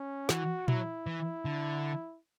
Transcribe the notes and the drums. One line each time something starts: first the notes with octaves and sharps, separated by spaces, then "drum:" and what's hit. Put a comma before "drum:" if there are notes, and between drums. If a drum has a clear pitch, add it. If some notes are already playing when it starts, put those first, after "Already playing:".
Already playing: C#4
E3 F#4, drum: snare
F#3 E4, drum: tom A#2
E3
D3